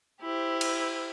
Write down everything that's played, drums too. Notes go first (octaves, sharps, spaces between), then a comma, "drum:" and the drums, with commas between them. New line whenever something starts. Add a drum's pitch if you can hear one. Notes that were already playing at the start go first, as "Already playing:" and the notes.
E4 G4 C5
drum: cymbal